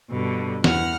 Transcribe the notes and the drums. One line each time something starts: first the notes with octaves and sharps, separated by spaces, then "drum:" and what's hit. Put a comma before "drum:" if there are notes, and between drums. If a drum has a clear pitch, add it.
G2 B2 D3
E2 F#5 F6, drum: snare